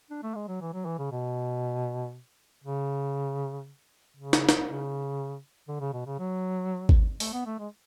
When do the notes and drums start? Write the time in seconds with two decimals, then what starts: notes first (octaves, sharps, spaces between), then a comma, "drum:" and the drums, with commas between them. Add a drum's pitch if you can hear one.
0.10 D4
0.23 A3
0.35 G#3
0.48 F#3
0.61 E3
0.73 F#3
0.85 E3
0.99 C#3
1.11 B2
2.64 C#3
4.17 C#3
4.33 drum: snare
4.49 drum: snare
4.67 C#3
5.68 D3
5.80 C#3
5.93 B2
6.06 C#3
6.19 F#3
6.89 drum: kick G#1
7.20 A3, drum: open hi-hat
7.33 B3
7.46 A3
7.59 G#3